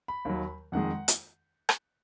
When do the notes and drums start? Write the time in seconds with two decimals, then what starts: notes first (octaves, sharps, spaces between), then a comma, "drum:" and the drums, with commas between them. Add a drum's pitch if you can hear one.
0.08 B5
0.25 D#2 D#3 F#3
0.72 F2 D#3 G#3 F#5
1.08 drum: hi-hat
1.69 drum: rim click